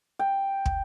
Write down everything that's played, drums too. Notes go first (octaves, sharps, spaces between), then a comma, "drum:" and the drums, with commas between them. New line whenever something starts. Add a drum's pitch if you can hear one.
G5
drum: kick